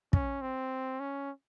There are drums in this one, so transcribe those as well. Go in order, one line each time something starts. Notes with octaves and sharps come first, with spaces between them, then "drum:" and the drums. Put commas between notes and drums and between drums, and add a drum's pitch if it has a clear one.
C#4, drum: kick
C4
C#4